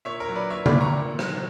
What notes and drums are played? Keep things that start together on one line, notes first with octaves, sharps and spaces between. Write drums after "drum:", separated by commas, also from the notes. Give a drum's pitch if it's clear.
A#2 C#5 E5
A#4 C#5
F#3
B4 D5
A#2 C#5 E5
B5 D6, drum: tom C#3
G3
A#5 C#6
A#2
F#3, drum: rim click